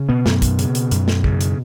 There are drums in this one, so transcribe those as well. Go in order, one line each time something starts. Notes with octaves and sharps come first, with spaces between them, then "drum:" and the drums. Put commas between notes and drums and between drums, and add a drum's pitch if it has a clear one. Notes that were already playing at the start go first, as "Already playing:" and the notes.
Already playing: C#3
B2 B3
F#2, drum: snare
drum: kick, hi-hat
C#3, drum: hi-hat
drum: hi-hat
F#2, drum: hi-hat
drum: snare
C#3, drum: kick
drum: hi-hat